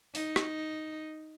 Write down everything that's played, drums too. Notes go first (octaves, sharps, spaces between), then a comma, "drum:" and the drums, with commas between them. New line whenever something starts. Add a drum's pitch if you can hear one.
D#4, drum: open hi-hat
drum: rim click